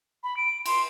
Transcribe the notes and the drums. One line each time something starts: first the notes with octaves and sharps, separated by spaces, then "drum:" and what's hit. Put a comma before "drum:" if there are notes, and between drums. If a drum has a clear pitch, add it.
B5
D7
C6, drum: cymbal